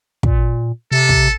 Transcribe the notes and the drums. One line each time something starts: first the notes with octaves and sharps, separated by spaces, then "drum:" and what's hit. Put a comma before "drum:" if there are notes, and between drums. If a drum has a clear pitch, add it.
A#2, drum: kick
C3 A4
drum: kick